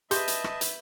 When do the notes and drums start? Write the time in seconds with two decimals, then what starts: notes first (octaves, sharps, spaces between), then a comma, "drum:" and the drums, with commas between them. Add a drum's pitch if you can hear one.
0.11 G4 G#4 B4 D#5 E5 A5 C6 G6, drum: hi-hat
0.28 drum: hi-hat
0.44 drum: rim click
0.61 drum: hi-hat